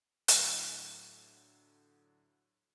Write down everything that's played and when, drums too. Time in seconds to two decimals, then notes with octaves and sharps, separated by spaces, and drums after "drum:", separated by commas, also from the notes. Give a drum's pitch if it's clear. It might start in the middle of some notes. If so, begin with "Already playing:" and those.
0.28 A2 D3 F#3, drum: hi-hat